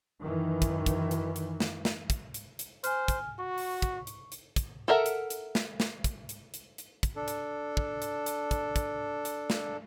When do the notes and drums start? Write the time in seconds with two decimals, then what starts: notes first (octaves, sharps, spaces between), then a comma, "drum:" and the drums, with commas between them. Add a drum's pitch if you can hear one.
0.22 F#2 D#3 E3
0.62 drum: kick, hi-hat
0.86 drum: kick, hi-hat
1.11 drum: hi-hat
1.36 drum: hi-hat
1.60 drum: snare
1.85 drum: snare
2.10 drum: kick, hi-hat
2.34 drum: hi-hat
2.59 drum: hi-hat
2.84 C5 G#5 F6, drum: hi-hat
3.08 drum: kick, hi-hat
3.39 F#4 C#6
3.58 drum: open hi-hat
3.82 drum: kick, hi-hat
4.07 drum: hi-hat
4.32 drum: hi-hat
4.56 drum: kick, hi-hat
4.88 A4 A#4 E5 F#5
5.06 drum: hi-hat
5.30 drum: hi-hat
5.55 drum: snare
5.80 drum: snare
6.04 drum: kick, hi-hat
6.29 drum: hi-hat
6.54 drum: hi-hat
6.78 drum: hi-hat
7.03 drum: kick, hi-hat
7.16 D4 A4
7.28 drum: hi-hat
7.77 drum: kick
8.02 drum: hi-hat
8.26 drum: hi-hat
8.51 drum: kick, hi-hat
8.76 drum: kick, hi-hat
9.25 drum: hi-hat
9.50 drum: snare